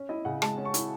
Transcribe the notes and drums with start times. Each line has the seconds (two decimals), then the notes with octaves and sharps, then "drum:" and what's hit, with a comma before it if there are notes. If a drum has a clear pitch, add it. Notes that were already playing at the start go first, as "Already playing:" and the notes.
Already playing: C#4
0.09 E4 D#5
0.25 C#3 F#5
0.42 G#3 A5, drum: rim click
0.58 C#4
0.65 C#6
0.74 E4, drum: hi-hat